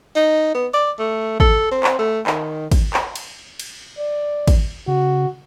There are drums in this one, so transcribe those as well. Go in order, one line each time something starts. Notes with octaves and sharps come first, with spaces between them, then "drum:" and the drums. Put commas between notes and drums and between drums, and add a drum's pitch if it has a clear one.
D#4
B3
D5
A3
A4, drum: kick
C4
drum: clap
A3
D#3, drum: clap
drum: kick, cymbal
drum: clap
drum: cymbal
drum: cymbal
D5
drum: kick, cymbal
C#3 F#4